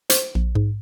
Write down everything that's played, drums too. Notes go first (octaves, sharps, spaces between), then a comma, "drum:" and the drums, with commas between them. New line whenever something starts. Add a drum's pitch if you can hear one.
C5, drum: hi-hat
A#1
G#2